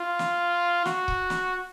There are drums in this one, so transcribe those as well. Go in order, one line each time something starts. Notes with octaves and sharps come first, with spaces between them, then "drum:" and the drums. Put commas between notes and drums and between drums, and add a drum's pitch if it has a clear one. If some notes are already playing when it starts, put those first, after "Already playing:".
Already playing: F4
drum: snare
F#4, drum: snare
drum: kick C#1
drum: snare